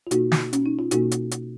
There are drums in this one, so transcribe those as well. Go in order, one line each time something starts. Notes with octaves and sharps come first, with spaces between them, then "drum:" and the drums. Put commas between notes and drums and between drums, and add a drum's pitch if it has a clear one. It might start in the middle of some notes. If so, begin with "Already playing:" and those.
F4
B2 A#3 D#4 F#4, drum: hi-hat
drum: snare
C#4, drum: hi-hat
D#4
F4
B2 A#3 D#4 F#4, drum: hi-hat
drum: hi-hat
drum: hi-hat